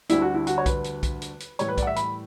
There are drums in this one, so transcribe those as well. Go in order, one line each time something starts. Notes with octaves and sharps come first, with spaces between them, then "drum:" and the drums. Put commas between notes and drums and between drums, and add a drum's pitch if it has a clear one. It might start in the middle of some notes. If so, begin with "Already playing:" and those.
D2 D3 G3 E4, drum: hi-hat
F#4
E4
F#4, drum: hi-hat
C#5
B4, drum: kick B1, hi-hat
drum: hi-hat
drum: kick B1, hi-hat
drum: hi-hat
drum: hi-hat
A2 E3 G3 C#5, drum: hi-hat
B4
D5, drum: kick B1, hi-hat
F#5
E5
B5, drum: hi-hat